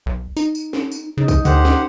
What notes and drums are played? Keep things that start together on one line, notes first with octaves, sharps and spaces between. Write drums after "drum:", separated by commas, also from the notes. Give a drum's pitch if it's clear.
B1
D#4, drum: tambourine
drum: tambourine
drum: snare
drum: tambourine
C#3 D#4
drum: kick, tambourine
D2 D3 G4 C5 F#5, drum: tambourine
drum: snare